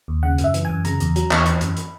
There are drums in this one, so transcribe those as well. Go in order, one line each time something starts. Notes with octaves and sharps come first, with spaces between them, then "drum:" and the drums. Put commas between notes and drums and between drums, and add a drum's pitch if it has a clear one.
D#2
C#3 F#5
F#2, drum: hi-hat
E5
E3, drum: hi-hat
F#2 G#5
C#3 A#5, drum: hi-hat
E2, drum: hi-hat
F#3, drum: hi-hat
E2 C#6, drum: clap
E3 B5, drum: hi-hat
F#2, drum: hi-hat
drum: hi-hat